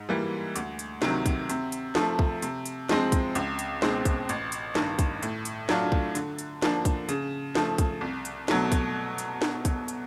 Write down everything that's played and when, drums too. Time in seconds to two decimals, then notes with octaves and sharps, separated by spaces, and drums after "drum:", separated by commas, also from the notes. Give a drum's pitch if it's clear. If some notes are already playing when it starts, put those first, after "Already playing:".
Already playing: G#2
0.09 E3 G3 A#3
0.56 D2, drum: hi-hat
0.79 drum: hi-hat
1.02 C3 D#3 F#3, drum: snare
1.26 drum: kick B1, hi-hat
1.49 C3, drum: hi-hat
1.72 drum: hi-hat
1.95 F3 A3, drum: snare
2.19 drum: kick B1
2.42 C3, drum: hi-hat
2.65 drum: hi-hat
2.89 F3 G#3 C4, drum: snare
3.12 drum: kick B1, hi-hat
3.35 C#2, drum: hi-hat
3.59 drum: hi-hat
3.82 B2 G#3 C4, drum: snare
4.05 drum: kick B1, hi-hat
4.29 A1, drum: hi-hat
4.52 drum: hi-hat
4.75 G2 D#3, drum: snare
4.99 drum: kick B1, hi-hat
5.23 A2, drum: hi-hat
5.45 drum: hi-hat
5.69 F#3 A3 D4 F4, drum: snare
5.92 drum: kick B1
6.15 D3, drum: hi-hat
6.39 drum: hi-hat
6.62 F3 A#3 D4, drum: snare
6.85 drum: kick B1, hi-hat
7.09 C#3, drum: hi-hat
7.55 F3 A3, drum: snare
7.78 drum: kick B1, hi-hat
8.01 C2
8.25 drum: hi-hat
8.48 B2 F#3 A3, drum: snare
8.72 drum: kick B1, hi-hat
9.18 drum: hi-hat
9.42 drum: snare
9.65 drum: kick B1, hi-hat
9.88 drum: hi-hat